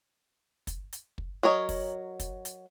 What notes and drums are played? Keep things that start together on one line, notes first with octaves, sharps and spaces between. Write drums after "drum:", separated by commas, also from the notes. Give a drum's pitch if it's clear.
drum: kick, hi-hat
drum: hi-hat
drum: kick
F#3 A#4 C#5 D#5
drum: kick, open hi-hat
drum: kick, hi-hat
drum: hi-hat